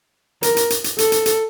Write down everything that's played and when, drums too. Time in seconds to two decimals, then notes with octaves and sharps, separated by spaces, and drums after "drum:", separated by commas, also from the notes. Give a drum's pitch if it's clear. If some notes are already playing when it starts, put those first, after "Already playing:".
0.43 A#4, drum: hi-hat
0.57 drum: hi-hat
0.70 drum: hi-hat
0.84 drum: hi-hat
0.98 A4, drum: hi-hat
1.12 drum: hi-hat
1.26 drum: hi-hat